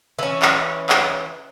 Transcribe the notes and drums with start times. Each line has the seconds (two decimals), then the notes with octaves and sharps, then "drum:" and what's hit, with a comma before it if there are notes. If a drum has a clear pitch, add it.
0.19 E3 C#4
0.42 drum: clap
0.89 drum: clap